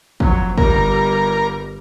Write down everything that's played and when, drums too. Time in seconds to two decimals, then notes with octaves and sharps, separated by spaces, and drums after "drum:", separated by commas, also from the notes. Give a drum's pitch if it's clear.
0.20 F2 F#3, drum: kick
0.58 G1 G3 A#4, drum: kick